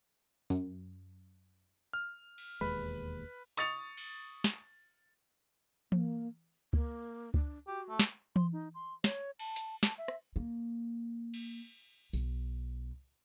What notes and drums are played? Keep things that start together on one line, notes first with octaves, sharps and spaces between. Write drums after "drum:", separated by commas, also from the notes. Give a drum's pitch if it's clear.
F#2, drum: tambourine
F6
drum: cymbal
E1 D#2 G#3 B4 B5
C#6 D#6 A6 C#7 F7, drum: hi-hat
drum: cymbal
drum: snare
A#3, drum: tom E3
A#3, drum: kick C#2
D4, drum: kick C#2
F#4 G4
A3
drum: snare
C6, drum: tom E3
D#4
C6
C#5, drum: snare
A5, drum: cymbal
drum: hi-hat
A5, drum: snare
E5
drum: rim click
A#3
drum: cymbal
B1, drum: tambourine